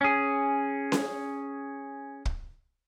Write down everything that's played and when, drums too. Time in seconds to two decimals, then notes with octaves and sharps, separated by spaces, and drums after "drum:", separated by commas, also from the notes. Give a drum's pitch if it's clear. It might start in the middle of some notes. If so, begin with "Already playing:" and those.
0.01 C#4 G#4
0.92 drum: snare C#4
2.25 drum: kick